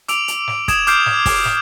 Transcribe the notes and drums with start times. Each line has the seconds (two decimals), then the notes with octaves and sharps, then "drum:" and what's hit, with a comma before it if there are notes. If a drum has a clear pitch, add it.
0.08 D6 E6 D7 F7, drum: hi-hat
0.28 drum: hi-hat
0.47 drum: snare
0.68 D#6 G#6 E7, drum: kick, hi-hat
0.87 D6 F6 G6 C7 D7 E7, drum: hi-hat
1.06 drum: snare
1.26 drum: kick, open hi-hat
1.45 drum: snare